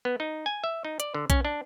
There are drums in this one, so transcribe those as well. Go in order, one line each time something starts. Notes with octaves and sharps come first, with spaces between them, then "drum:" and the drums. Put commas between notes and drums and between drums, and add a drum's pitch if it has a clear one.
B3
D#4
G#5
E5
D#4
D5, drum: hi-hat
D3
C#4, drum: kick B1, hi-hat
D4